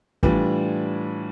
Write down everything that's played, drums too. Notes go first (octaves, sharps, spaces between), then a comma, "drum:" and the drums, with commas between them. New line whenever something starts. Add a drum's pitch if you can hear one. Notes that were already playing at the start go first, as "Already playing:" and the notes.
A2 E3 G3 D4 F4, drum: kick